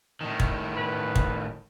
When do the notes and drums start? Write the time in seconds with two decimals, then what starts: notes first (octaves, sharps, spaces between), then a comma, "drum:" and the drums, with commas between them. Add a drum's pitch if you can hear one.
0.21 A2 D#3
0.40 drum: kick
0.76 B4
1.16 drum: kick